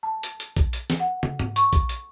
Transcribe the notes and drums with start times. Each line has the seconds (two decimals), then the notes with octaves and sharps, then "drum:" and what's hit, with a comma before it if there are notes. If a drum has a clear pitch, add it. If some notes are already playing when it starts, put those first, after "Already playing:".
0.03 A5
0.23 drum: hi-hat
0.40 drum: hi-hat
0.57 drum: kick A#1, hi-hat
0.73 drum: hi-hat
0.90 drum: snare
1.00 F#5
1.23 drum: tom
1.39 drum: tom G#2
1.56 C#6, drum: hi-hat
1.73 drum: kick A#1, hi-hat
1.89 drum: hi-hat